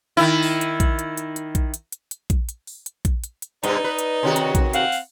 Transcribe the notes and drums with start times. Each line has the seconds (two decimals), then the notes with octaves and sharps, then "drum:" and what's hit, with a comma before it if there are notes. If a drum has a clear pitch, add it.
0.17 D#3 E4
0.43 drum: open hi-hat
0.61 drum: hi-hat
0.80 drum: kick A#1, hi-hat
0.99 drum: hi-hat
1.17 drum: hi-hat
1.36 drum: hi-hat
1.55 drum: kick A#1, hi-hat
1.74 drum: hi-hat
1.92 drum: hi-hat
2.11 drum: hi-hat
2.30 drum: kick A#1, hi-hat
2.49 drum: hi-hat
2.67 drum: open hi-hat
2.86 drum: hi-hat
3.05 drum: kick A#1, hi-hat
3.24 drum: hi-hat
3.42 drum: hi-hat
3.64 G2 B2 B3 D#4 D5 D#5, drum: hi-hat
3.84 B4
3.99 drum: hi-hat
4.23 C3 D#3 F#4
4.36 drum: hi-hat
4.55 drum: kick A#1, hi-hat
4.73 C4 F5 F#5, drum: hi-hat
4.92 drum: open hi-hat